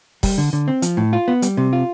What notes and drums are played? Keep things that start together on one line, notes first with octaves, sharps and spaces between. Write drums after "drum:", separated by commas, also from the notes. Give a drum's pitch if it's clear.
G3, drum: kick, open hi-hat
D3
D3
C4
F3, drum: hi-hat
A2
F4
B3
G3, drum: hi-hat
C3
F4